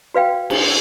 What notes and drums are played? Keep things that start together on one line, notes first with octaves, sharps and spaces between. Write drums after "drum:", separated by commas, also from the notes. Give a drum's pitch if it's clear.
F#4 B4 F5 G5
drum: cymbal